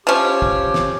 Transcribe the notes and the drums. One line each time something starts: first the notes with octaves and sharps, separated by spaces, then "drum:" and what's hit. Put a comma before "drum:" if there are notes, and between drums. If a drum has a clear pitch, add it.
F3 C#4 G4
drum: kick
drum: snare